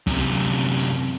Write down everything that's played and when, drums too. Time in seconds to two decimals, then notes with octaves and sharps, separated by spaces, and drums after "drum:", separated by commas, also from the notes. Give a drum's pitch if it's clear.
0.07 F#2 C3, drum: kick, hi-hat
0.79 drum: hi-hat